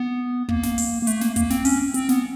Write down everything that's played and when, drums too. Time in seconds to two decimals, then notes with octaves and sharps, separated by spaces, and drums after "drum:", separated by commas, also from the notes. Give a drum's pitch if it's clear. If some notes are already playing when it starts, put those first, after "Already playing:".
Already playing: B3
0.49 A#3, drum: kick
0.63 drum: snare
0.78 drum: open hi-hat
1.02 A#3
1.07 A3, drum: hi-hat
1.21 A#3, drum: snare
1.36 A#3, drum: kick, hi-hat
1.50 C4, drum: snare
1.65 C#4, drum: open hi-hat
1.94 C4, drum: hi-hat
2.09 B3, drum: snare